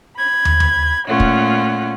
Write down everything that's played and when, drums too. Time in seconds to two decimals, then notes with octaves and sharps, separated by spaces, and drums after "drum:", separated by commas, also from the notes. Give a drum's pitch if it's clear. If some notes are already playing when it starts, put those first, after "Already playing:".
0.15 B5 G#6
0.45 drum: tom
0.60 drum: tom
1.07 A#2 A3 C#4 F4 F#5
1.20 drum: kick